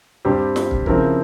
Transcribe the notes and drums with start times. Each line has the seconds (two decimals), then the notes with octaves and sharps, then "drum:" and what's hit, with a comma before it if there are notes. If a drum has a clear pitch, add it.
0.25 G2 G3 C4 G4 C5
0.56 drum: snare
0.71 drum: kick
0.86 C#3 F3 C4 E4 A#4, drum: kick